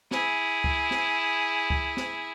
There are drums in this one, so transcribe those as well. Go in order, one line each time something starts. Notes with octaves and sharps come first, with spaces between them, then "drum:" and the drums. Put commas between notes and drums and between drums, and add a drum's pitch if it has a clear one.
E4 G#4, drum: snare
drum: kick C#2
drum: snare
drum: kick C#2
drum: snare